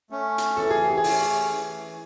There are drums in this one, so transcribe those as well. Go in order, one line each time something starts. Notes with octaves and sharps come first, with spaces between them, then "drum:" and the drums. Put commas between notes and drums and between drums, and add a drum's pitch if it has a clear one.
A3 C#4
drum: hi-hat
E3 A4
G#4
G4
G#4
A3 C#4, drum: open hi-hat
E3